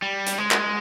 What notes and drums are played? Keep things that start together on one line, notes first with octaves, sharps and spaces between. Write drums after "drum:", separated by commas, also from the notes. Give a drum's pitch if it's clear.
G3
drum: hi-hat
G#3
drum: clap